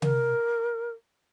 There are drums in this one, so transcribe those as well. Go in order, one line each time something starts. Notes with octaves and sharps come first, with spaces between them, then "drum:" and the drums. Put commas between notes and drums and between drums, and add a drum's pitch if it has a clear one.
A#4, drum: tom C3